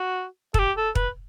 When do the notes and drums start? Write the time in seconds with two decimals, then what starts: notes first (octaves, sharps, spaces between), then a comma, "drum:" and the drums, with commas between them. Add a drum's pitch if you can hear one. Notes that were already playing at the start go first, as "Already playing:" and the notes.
Already playing: F#4
0.54 A4, drum: kick
0.59 G4
0.77 A4
0.95 B4, drum: kick